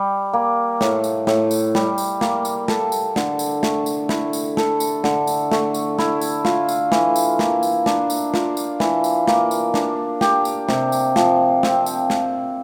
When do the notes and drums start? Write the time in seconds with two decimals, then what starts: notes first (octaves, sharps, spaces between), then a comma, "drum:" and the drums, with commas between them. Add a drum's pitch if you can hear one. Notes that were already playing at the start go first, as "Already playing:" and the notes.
Already playing: G3
0.33 A#3
0.81 A2, drum: snare
1.04 drum: tambourine
1.27 A2, drum: snare
1.51 drum: tambourine
1.75 G3, drum: snare
1.98 drum: tambourine
2.21 A#3, drum: snare
2.45 drum: tambourine
2.68 A4, drum: snare
2.92 drum: tambourine
3.16 D3, drum: snare
3.39 drum: tambourine
3.63 A3, drum: snare
3.86 drum: tambourine
4.09 E4, drum: snare
4.33 drum: tambourine
4.57 A4, drum: snare
4.80 drum: tambourine
5.04 D3, drum: snare
5.27 drum: tambourine
5.52 A3, drum: snare
5.74 drum: tambourine
5.99 E4, drum: snare
6.22 drum: tambourine
6.45 F4, drum: snare
6.69 drum: tambourine
6.92 E3, drum: snare
7.16 drum: tambourine
7.39 A#3, drum: snare
7.63 drum: tambourine
7.86 D4, drum: snare
8.10 drum: tambourine
8.34 F4, drum: snare
8.57 drum: tambourine
8.80 E3, drum: snare
9.04 drum: tambourine
9.28 A#3, drum: snare
9.51 drum: tambourine
9.74 D4, drum: snare
10.21 G4, drum: snare
10.45 drum: tambourine
10.69 C3, drum: snare
10.92 drum: tambourine
11.16 F3, drum: snare
11.63 C4, drum: snare
11.86 drum: tambourine
12.10 drum: snare